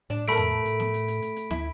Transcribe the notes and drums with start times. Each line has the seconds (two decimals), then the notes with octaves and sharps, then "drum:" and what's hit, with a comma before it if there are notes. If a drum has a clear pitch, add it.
0.10 A2 D4 D5
0.28 A3 A4 A#4 B5 B6 D7
0.37 drum: tom E2
0.65 A2, drum: hi-hat
0.80 drum: snare
0.94 drum: hi-hat
1.08 drum: hi-hat
1.22 drum: hi-hat
1.36 drum: hi-hat
1.51 D2 E4, drum: snare